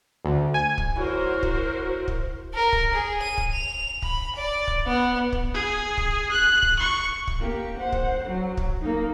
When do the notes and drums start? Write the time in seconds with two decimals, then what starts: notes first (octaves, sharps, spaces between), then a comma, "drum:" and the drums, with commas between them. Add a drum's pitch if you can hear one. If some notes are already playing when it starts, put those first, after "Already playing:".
0.25 D2
0.54 G#5
0.78 drum: kick
0.96 F#3 E4 F#4 A#4 C5
1.43 drum: kick
2.08 drum: kick
2.54 A#4
2.73 drum: kick
2.93 G#4
3.22 D#7
3.38 drum: kick
3.54 F7
4.02 B5, drum: kick
4.36 D5
4.67 drum: kick
4.87 B3
5.32 drum: kick
5.54 G#4
5.97 drum: kick
6.31 F#6
6.62 drum: kick
6.79 C#6
7.27 drum: kick
7.39 A#3 G4
7.79 C5 F#5
7.92 drum: kick
8.25 F#3
8.57 drum: kick
8.81 A#3 D#4